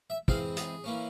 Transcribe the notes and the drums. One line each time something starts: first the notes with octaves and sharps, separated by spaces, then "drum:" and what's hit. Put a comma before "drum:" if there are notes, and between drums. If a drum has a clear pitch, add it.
E5
E3 G#3 C4 F5, drum: kick
G#4, drum: hi-hat
E3 A#3 C#4